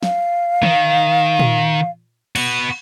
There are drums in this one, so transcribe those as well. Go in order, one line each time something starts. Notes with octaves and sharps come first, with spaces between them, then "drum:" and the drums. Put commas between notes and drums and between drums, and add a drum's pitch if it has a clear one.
F5, drum: snare
D#3, drum: tom D#3
drum: tom A#2
B3 F#4, drum: cymbal